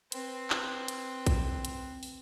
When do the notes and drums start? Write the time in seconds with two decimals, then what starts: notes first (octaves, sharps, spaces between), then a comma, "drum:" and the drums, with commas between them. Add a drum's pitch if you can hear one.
0.12 C4 B4, drum: hi-hat
0.50 drum: clap
0.88 drum: hi-hat
1.26 drum: kick A#1, hi-hat
1.65 drum: hi-hat
2.03 drum: open hi-hat